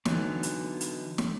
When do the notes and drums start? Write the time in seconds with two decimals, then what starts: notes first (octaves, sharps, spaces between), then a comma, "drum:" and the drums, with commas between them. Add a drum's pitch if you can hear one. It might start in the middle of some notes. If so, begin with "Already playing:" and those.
0.05 D3 E3 F#3 B3 D#4, drum: snare
0.43 drum: hi-hat
0.81 drum: hi-hat
1.18 drum: snare